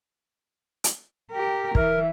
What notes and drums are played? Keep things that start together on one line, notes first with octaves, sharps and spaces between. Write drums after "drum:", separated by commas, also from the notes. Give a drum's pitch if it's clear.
drum: hi-hat
G4 A#4 G5
E3 A#4 E5, drum: kick